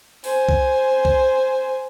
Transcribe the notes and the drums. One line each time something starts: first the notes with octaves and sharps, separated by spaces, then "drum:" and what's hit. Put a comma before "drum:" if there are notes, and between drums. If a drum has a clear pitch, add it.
C5 G#5, drum: open hi-hat
drum: kick B1
drum: kick B1